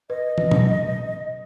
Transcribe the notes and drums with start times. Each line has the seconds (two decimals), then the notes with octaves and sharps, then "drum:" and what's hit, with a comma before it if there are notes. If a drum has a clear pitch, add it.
0.10 B4 D#5
0.38 drum: tom
0.51 F#3, drum: tom